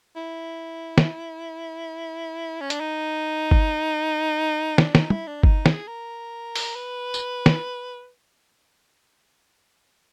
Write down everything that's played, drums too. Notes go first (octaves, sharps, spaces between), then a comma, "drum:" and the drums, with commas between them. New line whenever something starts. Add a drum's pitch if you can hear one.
E4
drum: snare
C#4
D4, drum: hi-hat
D#4
drum: kick G1
D4, drum: snare
D#4, drum: snare
E4, drum: tom
D4
D#4, drum: kick G1
G#4, drum: snare
A#4
drum: open hi-hat
B4
drum: tambourine
drum: snare